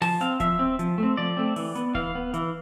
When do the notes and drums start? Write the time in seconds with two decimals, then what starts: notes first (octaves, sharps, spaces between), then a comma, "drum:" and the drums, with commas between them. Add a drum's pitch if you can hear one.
0.02 F3 A5, drum: open hi-hat
0.21 C4 F5, drum: hi-hat
0.40 F3 E5, drum: kick D1, hi-hat
0.59 C4
0.79 F3, drum: hi-hat
0.98 A3 C4
1.17 F3 D5
1.37 A3 C4
1.56 E3, drum: open hi-hat
1.75 B3, drum: hi-hat
1.95 E3 F5, drum: kick D1
2.15 B3
2.34 E3, drum: hi-hat